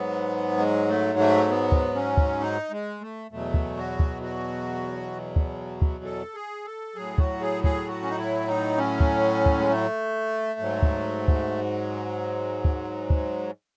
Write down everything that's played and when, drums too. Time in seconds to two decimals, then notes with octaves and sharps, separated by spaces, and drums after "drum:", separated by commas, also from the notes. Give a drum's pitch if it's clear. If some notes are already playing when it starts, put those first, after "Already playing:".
Already playing: G#2 F#3 B3
0.57 G#3
0.88 A3
1.19 A3
1.49 B3
1.72 drum: kick
1.95 C#4
2.17 drum: kick
2.40 D#4
2.71 G#3
3.01 A3
3.31 E2 B2 F#3 A3
3.54 drum: kick
3.77 F#4
4.00 drum: kick
4.22 F#4
5.36 drum: kick
5.82 drum: kick
6.04 A4
6.34 G#4
6.65 A4
6.95 A2 F#3 G#4
7.18 F#4, drum: kick
7.41 G#4
7.64 G#4, drum: kick
7.87 F#4
8.02 C#4
8.10 D#4
8.18 E4
8.47 D#4
8.77 C#4
9.00 drum: kick
9.46 drum: kick
9.58 G#3
9.69 A3
10.60 G#2 F#3
10.83 drum: kick
11.28 drum: kick
12.65 drum: kick
13.10 drum: kick